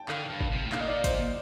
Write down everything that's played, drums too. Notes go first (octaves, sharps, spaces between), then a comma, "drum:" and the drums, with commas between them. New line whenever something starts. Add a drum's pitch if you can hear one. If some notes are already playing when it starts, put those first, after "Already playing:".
Already playing: G5 A5
D3 F5, drum: clap
G2
drum: kick
C3
A2
A#2 F5, drum: clap
D#5
D5
C5, drum: kick, hi-hat